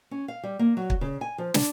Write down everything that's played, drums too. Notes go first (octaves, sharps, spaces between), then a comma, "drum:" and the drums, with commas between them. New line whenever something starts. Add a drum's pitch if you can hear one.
C#4
F5
G3
A#3
F#3
drum: kick
C#3
G#5
F3
D4, drum: snare